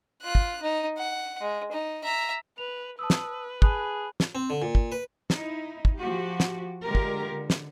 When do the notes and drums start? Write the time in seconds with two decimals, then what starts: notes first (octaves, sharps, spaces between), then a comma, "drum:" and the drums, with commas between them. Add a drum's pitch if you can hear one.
0.23 F4 F#6
0.35 drum: kick
0.62 D#4
0.97 F#5
1.41 G#3
1.72 D#4
2.04 E5 A#5
2.58 B4 F7
2.99 B4 A5 D#6 E6
3.10 drum: snare
3.62 G#4 A5 B5 F#6, drum: kick
4.20 drum: snare
4.35 C4
4.50 D3
4.62 A#2
4.75 drum: kick
4.92 B4
5.30 D#4 E4, drum: snare
5.85 drum: kick
5.97 F3 F#4 G4
6.40 drum: snare
6.84 D3 G#3 F4 G4 A#4
6.95 drum: kick
7.30 D3
7.50 drum: snare